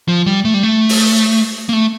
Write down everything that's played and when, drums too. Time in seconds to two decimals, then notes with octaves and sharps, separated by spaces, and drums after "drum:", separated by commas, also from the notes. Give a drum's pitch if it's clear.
0.08 F3
0.26 G3
0.45 A3
0.54 G3
0.63 A3
0.89 drum: open hi-hat
1.69 A#3
1.73 A3